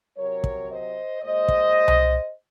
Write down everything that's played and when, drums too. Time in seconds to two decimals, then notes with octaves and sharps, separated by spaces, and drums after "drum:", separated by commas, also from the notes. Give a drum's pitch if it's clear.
0.17 C3 F#3 A#4 C#5
0.44 drum: kick
0.70 C5 D#5
1.22 A#2 G#3 C5 D#5
1.48 drum: kick
1.88 drum: tom C2